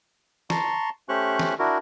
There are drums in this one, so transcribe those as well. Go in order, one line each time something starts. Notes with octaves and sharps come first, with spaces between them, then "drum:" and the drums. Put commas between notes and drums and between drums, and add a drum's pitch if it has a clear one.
A5 A#5 C6 C#6, drum: snare
A3 C#4 G4 C5 C#6 F#6
drum: snare
D4 E4 F#4 A#4